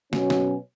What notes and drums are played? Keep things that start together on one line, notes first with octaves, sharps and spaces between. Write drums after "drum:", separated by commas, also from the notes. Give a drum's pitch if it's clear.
B2 F#3 C#4, drum: snare
drum: snare